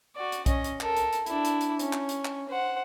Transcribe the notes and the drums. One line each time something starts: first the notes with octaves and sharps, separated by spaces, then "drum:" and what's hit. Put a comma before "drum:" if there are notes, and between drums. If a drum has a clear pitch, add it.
F#4 D5
drum: hi-hat
C#4 D#5, drum: kick B1, hi-hat
drum: hi-hat
A4 A#4, drum: clap
drum: hi-hat
drum: hi-hat
D4 E4, drum: hi-hat
drum: hi-hat
drum: hi-hat
C#4, drum: hi-hat
drum: clap
drum: hi-hat
drum: clap
C5 F#5